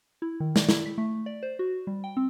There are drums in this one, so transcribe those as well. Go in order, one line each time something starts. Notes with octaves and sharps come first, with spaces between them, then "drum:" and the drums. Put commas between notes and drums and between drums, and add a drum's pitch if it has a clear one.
E4
D#3
D5, drum: snare
E4, drum: snare
B6
A3
D5
C5
F#4
G3
G5
C4